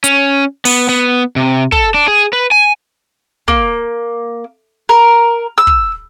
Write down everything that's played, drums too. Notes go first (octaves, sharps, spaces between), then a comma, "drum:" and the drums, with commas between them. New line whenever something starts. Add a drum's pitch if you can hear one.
C#4, drum: hi-hat
B3, drum: open hi-hat
B3
C3
A4, drum: kick
D4
G#4
B4
G#5
A#3, drum: kick
A#4
E6
drum: kick